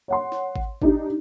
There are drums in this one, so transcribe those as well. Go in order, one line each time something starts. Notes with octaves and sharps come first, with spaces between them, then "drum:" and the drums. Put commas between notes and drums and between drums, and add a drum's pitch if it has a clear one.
C#5 F#5 C6
drum: snare
drum: kick G#1
D4 D#4 G4, drum: kick G#1